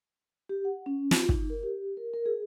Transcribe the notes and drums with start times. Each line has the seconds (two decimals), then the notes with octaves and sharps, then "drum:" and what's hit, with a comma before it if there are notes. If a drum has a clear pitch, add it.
0.49 G4
0.65 F#5
0.86 C#4
1.11 F4, drum: snare
1.29 D#4, drum: kick
1.50 A#4
1.63 G4
1.97 A#4
2.14 A#4
2.26 G#4